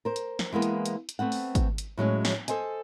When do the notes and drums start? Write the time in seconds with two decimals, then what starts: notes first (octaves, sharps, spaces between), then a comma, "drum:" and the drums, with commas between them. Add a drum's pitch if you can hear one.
0.05 A#4 C5
0.16 drum: hi-hat
0.39 drum: snare
0.52 E3 G#3 A#3 B3
0.62 drum: hi-hat
0.86 drum: hi-hat
1.09 drum: hi-hat
1.19 A3 B3 C4 F#5
1.32 drum: open hi-hat
1.55 drum: kick, hi-hat
1.78 drum: hi-hat
1.98 A2 F#3 G#3 C#4
2.25 drum: snare
2.48 A4 C5 D#5 G#5, drum: hi-hat